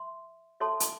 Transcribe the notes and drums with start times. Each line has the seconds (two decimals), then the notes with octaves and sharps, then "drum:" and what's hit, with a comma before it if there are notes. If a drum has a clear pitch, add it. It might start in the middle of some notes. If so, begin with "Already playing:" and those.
Already playing: E5 C6
0.60 A4 C#5 E5 A5 C6
0.80 drum: hi-hat